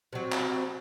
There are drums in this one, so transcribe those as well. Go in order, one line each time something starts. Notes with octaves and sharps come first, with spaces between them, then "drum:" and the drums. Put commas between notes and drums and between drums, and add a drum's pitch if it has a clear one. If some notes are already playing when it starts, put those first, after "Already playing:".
C3 F#3
drum: clap